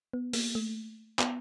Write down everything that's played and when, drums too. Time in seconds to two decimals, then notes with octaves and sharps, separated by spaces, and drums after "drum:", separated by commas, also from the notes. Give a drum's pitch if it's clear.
0.13 B3
0.33 A#3, drum: open hi-hat
0.55 A3
1.19 B3, drum: clap